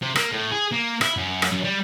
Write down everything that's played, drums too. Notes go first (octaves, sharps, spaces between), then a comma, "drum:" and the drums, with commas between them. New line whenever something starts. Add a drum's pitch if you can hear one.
C3
A#3, drum: rim click
A2
G#4
A#3
E4, drum: rim click
F#2
drum: rim click
F#2
G3